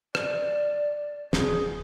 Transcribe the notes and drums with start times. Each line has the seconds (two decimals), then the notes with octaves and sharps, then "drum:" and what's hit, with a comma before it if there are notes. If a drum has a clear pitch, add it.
0.15 D5, drum: rim click
1.33 D1 G#4, drum: snare